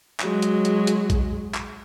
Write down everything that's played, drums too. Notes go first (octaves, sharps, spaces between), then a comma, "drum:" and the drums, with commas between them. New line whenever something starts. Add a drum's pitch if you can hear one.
F#3 G#3, drum: clap
drum: hi-hat
drum: hi-hat
drum: hi-hat
drum: kick A#1, hi-hat
drum: clap